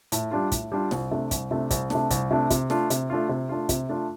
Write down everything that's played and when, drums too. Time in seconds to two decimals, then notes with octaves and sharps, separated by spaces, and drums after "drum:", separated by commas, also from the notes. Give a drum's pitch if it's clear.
0.12 A2, drum: hi-hat
0.31 G3 D4 F4
0.52 A2, drum: kick, hi-hat
0.72 G3 D4 F4
0.91 C2, drum: snare
1.11 C3 A3 D4
1.31 C2, drum: kick, hi-hat
1.51 C3 A3 D4
1.71 C2, drum: kick, hi-hat
1.90 C3 A3 D4, drum: snare
2.11 C2, drum: kick, hi-hat
2.31 C3 A3 D4
2.50 C3, drum: kick, hi-hat
2.70 A3 D4 F4, drum: snare
2.90 C3, drum: hi-hat
3.10 A3 D4 F4
3.29 C3
3.49 A3 D4 F4
3.69 C3, drum: kick, hi-hat
3.89 A3 D4 F4